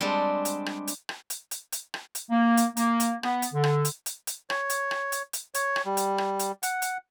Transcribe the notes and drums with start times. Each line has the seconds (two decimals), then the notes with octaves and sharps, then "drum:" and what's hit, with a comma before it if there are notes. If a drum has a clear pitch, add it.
0.01 G3 G#3 C4 D4
0.45 drum: hi-hat
0.66 drum: rim click
0.88 drum: hi-hat
1.09 drum: rim click
1.30 drum: hi-hat
1.51 drum: hi-hat
1.73 drum: hi-hat
1.94 drum: rim click
2.15 drum: hi-hat
2.31 A#3
2.57 drum: hi-hat
2.77 A#3, drum: hi-hat
3.00 drum: hi-hat
3.23 B3, drum: rim click
3.42 drum: hi-hat
3.53 D3
3.64 drum: rim click
3.85 drum: hi-hat
4.06 drum: hi-hat
4.27 drum: hi-hat
4.50 C#5, drum: rim click
4.70 drum: hi-hat
4.91 drum: rim click
5.12 drum: hi-hat
5.33 drum: hi-hat
5.55 C#5, drum: hi-hat
5.76 drum: rim click
5.85 G3
5.97 drum: hi-hat
6.18 drum: rim click
6.39 drum: hi-hat
6.63 F#5, drum: hi-hat
6.82 drum: hi-hat